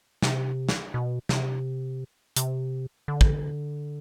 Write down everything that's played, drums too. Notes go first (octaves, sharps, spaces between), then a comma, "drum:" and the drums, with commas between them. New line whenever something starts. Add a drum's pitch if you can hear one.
C3, drum: snare
drum: snare
B2
C3, drum: snare
C3, drum: hi-hat
D3
drum: kick